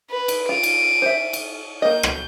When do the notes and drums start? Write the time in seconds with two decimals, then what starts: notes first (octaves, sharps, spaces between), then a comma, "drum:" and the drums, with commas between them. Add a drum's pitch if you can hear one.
0.11 B4
0.28 drum: cymbal
0.49 F4 D7 D#7
0.63 drum: cymbal
1.02 C5 E5
1.33 drum: cymbal
1.82 A#3 D#5 G6
2.03 drum: rim click